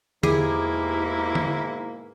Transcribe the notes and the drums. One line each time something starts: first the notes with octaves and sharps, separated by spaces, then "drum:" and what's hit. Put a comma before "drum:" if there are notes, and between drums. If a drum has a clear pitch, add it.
E2 G#2 B2 A#3 E4 G4 G#4 D6, drum: tom D3
drum: tom D3